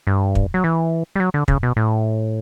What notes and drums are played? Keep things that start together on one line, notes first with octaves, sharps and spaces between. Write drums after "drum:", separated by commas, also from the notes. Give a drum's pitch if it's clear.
G2
drum: kick
F#3
E3
G3
F#3
D3
C#3, drum: kick
B2
A2